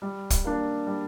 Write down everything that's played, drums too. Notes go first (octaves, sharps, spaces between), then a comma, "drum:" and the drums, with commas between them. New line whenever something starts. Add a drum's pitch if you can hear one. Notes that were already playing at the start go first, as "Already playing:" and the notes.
G3
drum: kick, hi-hat
A#3 D4
G3